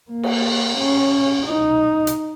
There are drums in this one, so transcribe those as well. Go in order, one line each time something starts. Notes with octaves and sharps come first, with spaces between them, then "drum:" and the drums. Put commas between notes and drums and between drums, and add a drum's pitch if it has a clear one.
A#3
drum: cymbal
C#4
D#4
drum: hi-hat